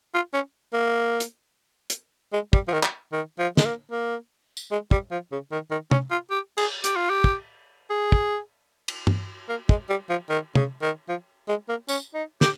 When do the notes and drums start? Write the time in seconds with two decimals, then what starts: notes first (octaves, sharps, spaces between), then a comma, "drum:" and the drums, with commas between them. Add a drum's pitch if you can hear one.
0.14 F4
0.34 C#4
0.73 A#3
1.20 drum: hi-hat
1.90 drum: hi-hat
2.33 G#3
2.53 G3, drum: kick
2.68 F3
2.73 D#3
2.83 drum: clap
3.13 D#3
3.39 F3
3.57 G#3, drum: snare
3.65 A#3
3.91 A#3
4.57 drum: tambourine
4.71 G#3
4.91 G3, drum: kick
5.11 F3
5.32 C#3
5.52 D#3
5.71 D#3
5.91 C#4, drum: tom
6.11 F4
6.30 G4
6.58 G#4, drum: cymbal
6.84 G4, drum: hi-hat
6.96 F4
7.10 G4
7.24 drum: kick
7.90 G#4
8.12 drum: kick
8.88 drum: cymbal
9.07 drum: tom
9.49 A#3
9.69 G#3, drum: kick
9.89 G3
10.09 F3
10.30 D#3
10.55 C#3, drum: tom
10.82 D#3
11.09 F3
11.48 G#3
11.69 A#3
11.89 C#4, drum: tambourine
12.14 D#4
12.41 G4, drum: snare